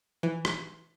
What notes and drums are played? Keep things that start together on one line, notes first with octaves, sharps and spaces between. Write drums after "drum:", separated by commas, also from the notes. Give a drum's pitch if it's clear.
E3
drum: rim click